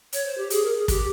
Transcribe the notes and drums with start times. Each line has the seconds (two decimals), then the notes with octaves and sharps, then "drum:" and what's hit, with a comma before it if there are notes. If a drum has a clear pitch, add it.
0.13 C#5, drum: hi-hat
0.25 C5
0.37 G4
0.50 G#4, drum: hi-hat
0.63 A#4
0.75 G#4
0.88 G4, drum: kick, hi-hat